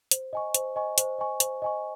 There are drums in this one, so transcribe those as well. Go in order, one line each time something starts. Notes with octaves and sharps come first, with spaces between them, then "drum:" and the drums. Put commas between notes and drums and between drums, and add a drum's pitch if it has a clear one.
C5, drum: hi-hat
D#5 G#5 C#6
C5, drum: hi-hat
D#5 G#5 C#6
C5, drum: hi-hat
D#5 G#5 C#6
C5, drum: hi-hat
D#5 G#5 C#6